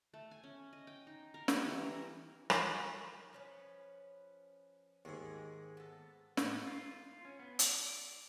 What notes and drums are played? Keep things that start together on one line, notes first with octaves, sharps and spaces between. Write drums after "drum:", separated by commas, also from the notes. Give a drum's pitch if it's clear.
A3
G#5
C#4
D#5
G5
D#4
A#4
G3, drum: snare
E3
A#4
drum: rim click
F3 C#4 B4
D#2 G#2 G#3 G4 G#4
B3 A4
A2, drum: snare
F4
C#4
B3
D5, drum: hi-hat